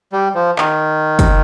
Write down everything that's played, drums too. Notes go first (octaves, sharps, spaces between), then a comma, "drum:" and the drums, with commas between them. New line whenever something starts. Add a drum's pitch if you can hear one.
G3
F3
D#3, drum: clap
drum: kick, hi-hat